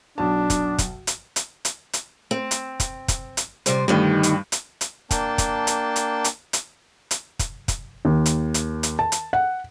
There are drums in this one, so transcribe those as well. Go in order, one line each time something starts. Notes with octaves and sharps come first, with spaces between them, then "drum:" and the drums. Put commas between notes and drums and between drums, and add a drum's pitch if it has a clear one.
B1 D4 A5
drum: kick, hi-hat
drum: kick, hi-hat
drum: hi-hat
drum: hi-hat
drum: hi-hat
drum: hi-hat
C4
drum: hi-hat
drum: kick, hi-hat
drum: kick, hi-hat
drum: hi-hat
C3 G3 C5, drum: hi-hat
D2 G2 D#3 G3 D#4
drum: hi-hat
drum: hi-hat
drum: hi-hat
A#3 D4 G5 A5, drum: kick, hi-hat
drum: kick, hi-hat
drum: hi-hat
drum: hi-hat
drum: hi-hat
drum: hi-hat
drum: hi-hat
drum: kick, hi-hat
drum: kick, hi-hat
D#2
drum: hi-hat
drum: hi-hat
drum: hi-hat
A5
drum: hi-hat
F#5